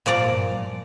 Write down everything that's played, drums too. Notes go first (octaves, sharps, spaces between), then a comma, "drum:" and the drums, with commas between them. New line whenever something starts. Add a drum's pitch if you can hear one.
A#2 F3 D5 A#5
drum: tom F#2
drum: tom F3